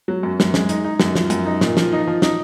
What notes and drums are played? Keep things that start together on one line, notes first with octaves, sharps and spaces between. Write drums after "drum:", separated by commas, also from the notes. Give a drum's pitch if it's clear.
F#3
F#2
F#2, drum: snare
G#3, drum: snare
D#4, drum: hi-hat
D#4
F#2, drum: snare
F3, drum: snare
F#2, drum: hi-hat
D#4
A#2, drum: snare
F3, drum: snare
D#4
F3
D#4, drum: snare